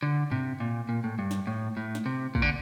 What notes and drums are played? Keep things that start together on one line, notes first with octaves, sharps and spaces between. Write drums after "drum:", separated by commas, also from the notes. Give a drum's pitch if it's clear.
D3
C3, drum: tom G2
A#2
A#2
A2
G2
drum: snare
A2
A2
drum: snare
C3
A#2, drum: kick
D3